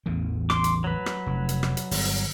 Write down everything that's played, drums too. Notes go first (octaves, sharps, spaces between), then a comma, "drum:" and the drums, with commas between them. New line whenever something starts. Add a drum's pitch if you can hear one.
A1 E2 D3
C6 D6, drum: rim click
drum: hi-hat
F#3 B4
drum: rim click
F1
drum: hi-hat
drum: rim click
drum: hi-hat
G1, drum: open hi-hat
drum: hi-hat